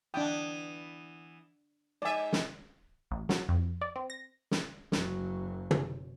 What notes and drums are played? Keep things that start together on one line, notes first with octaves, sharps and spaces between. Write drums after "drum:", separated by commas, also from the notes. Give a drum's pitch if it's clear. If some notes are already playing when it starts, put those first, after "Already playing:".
E3 B3 D4 G5
G#2 D5 E5 G#5
drum: snare
A1
F#3, drum: snare
F2
D5
C4
A#6
drum: snare
F#1 F#3, drum: snare
drum: tom